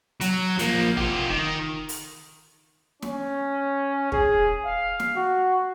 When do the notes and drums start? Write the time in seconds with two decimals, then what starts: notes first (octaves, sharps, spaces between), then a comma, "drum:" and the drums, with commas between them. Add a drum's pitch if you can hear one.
0.21 F#3, drum: hi-hat
0.59 F3 A#3, drum: hi-hat
0.97 F4 G4, drum: tom
1.30 D#3
1.89 drum: open hi-hat
3.02 C#4, drum: snare
4.12 G#4, drum: kick
4.66 F5
5.00 drum: snare
5.16 F#4